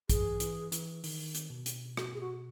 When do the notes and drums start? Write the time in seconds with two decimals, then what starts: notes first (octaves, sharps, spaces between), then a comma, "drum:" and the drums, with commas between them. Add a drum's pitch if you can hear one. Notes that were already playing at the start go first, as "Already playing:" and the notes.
0.10 E3 G#4, drum: kick A#1, hi-hat
0.40 E3, drum: hi-hat
0.72 E3, drum: hi-hat
1.04 D#3, drum: open hi-hat
1.35 drum: hi-hat
1.50 B2
1.66 drum: hi-hat
1.97 F#4, drum: rim click
2.14 G#4
2.21 F#4